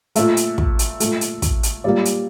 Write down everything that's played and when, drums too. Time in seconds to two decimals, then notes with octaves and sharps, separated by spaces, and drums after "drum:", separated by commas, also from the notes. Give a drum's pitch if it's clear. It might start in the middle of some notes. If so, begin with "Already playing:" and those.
0.15 A#2 A3 E5, drum: hi-hat
0.37 drum: hi-hat
0.58 drum: kick
0.79 drum: hi-hat
1.00 A#2 A3, drum: hi-hat
1.21 drum: hi-hat
1.42 drum: kick, hi-hat
1.63 drum: hi-hat
1.84 A#2 G3 A#3 D5
2.05 drum: hi-hat